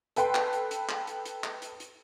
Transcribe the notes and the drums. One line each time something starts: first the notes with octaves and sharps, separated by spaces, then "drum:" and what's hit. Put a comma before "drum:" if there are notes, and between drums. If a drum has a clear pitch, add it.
A4 B4 G5 C6, drum: hi-hat
drum: clap
drum: hi-hat
drum: hi-hat
drum: clap
drum: hi-hat
drum: hi-hat
drum: clap
drum: hi-hat
drum: hi-hat